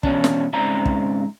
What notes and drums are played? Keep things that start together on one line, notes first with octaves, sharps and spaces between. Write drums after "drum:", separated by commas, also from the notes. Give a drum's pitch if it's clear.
E2 B2 C#4 D4, drum: kick
drum: snare
G#2 C#3 C4 D5 E5 A#5
drum: kick